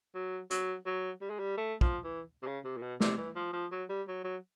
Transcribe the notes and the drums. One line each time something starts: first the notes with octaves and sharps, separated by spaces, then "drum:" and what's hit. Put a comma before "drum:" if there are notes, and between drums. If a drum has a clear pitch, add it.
F#3
F#3, drum: hi-hat
F#3
G3
G#3
G3
A3
F3, drum: kick
E3
C3
C#3
C3
A#2
B2
C3, drum: snare
E3
F3
F3
F#3
G3
F#3
F#3